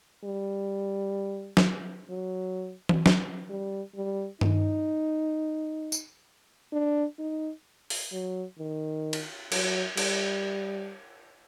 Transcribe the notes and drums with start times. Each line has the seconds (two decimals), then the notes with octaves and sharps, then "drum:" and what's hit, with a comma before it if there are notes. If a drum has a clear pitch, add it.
0.24 G3
1.57 drum: snare
2.10 F#3
2.89 drum: tom E3
3.06 drum: snare
3.50 G3
3.96 G3
4.41 D#4, drum: tom G2
5.92 drum: tambourine
6.73 D4
7.19 D#4
7.90 drum: open hi-hat
8.12 F#3
8.59 D#3
9.13 drum: cymbal
9.52 F#3, drum: cymbal
9.97 G3, drum: cymbal